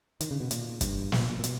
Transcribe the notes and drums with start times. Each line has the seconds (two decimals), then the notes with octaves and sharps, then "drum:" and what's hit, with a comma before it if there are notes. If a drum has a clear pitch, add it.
0.20 D#3, drum: hi-hat
0.31 C#3
0.40 B2
0.51 A#2, drum: hi-hat
0.81 G2, drum: kick, hi-hat
1.12 A#2, drum: snare
1.39 A#2
1.44 B2, drum: hi-hat